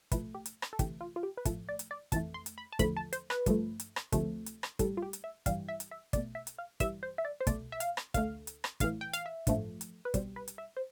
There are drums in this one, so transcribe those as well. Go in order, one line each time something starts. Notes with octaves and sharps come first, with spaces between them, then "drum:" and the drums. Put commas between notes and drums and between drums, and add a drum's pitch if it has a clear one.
B1 A2 F3 A3 B4, drum: kick, hi-hat
G4
drum: hi-hat
drum: rim click
A4
D2 C3 E3 A3 G4, drum: kick, hi-hat
F4
F4
G4
B4
B1 A2 F3 A3 A4, drum: kick, hi-hat
D5
drum: hi-hat
D5
F2 E3 A3 A5, drum: kick, hi-hat
C6
drum: hi-hat
B5
A5
E2 D3 F3 A3 B5, drum: kick, hi-hat
A5
C5, drum: hi-hat
B4, drum: rim click
G2 F3 A3, drum: kick, hi-hat
drum: hi-hat
drum: rim click
D2 C3 F3 A3, drum: kick, hi-hat
drum: hi-hat
drum: rim click
A1 A2 G3 A4, drum: kick, hi-hat
F4
G4
drum: hi-hat
E5
A1 G2 E3 G3 F5, drum: kick, hi-hat
E5
drum: hi-hat
E5
B1 B2 A3 D5, drum: kick, hi-hat
E5
drum: hi-hat
F5
G2 E3 G3 E5, drum: kick, hi-hat
C5
E5
D5
C5
C2 B2 A3 D5, drum: kick, hi-hat
E5
F5, drum: hi-hat
drum: rim click
D2 D3 A3 F5, drum: kick, hi-hat
drum: hi-hat
drum: rim click
B1 A2 E3 F5, drum: kick, hi-hat
G5
F5, drum: hi-hat
E5
A1 G2 F3 A3, drum: kick, hi-hat
drum: hi-hat
B4
C2 B2 G3 C5, drum: kick, hi-hat
B4
drum: hi-hat
E5
C5